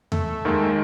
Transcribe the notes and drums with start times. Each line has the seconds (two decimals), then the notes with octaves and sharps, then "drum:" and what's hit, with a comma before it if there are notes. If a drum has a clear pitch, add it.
0.12 A3, drum: tom E2
0.45 D#2 D#3 G#3